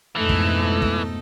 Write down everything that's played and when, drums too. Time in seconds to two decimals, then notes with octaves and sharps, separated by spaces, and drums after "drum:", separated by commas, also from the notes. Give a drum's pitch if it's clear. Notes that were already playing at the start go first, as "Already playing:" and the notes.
0.16 F2 G#2 B2 E3 A3 D#4 A4
0.29 drum: kick
0.82 drum: kick